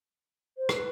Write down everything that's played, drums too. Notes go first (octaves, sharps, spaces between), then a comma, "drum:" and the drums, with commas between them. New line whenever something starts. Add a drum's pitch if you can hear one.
C5
B4, drum: rim click